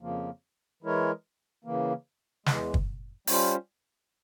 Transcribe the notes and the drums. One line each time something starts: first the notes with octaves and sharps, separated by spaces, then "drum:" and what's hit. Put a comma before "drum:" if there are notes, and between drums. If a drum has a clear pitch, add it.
F2 C#3 F3 A#3
E3 G#3 E4 A#4 C#5
C#3 E3 A#3
E2 E3 G#3, drum: snare
drum: kick
G3 C#4 F4 C5, drum: open hi-hat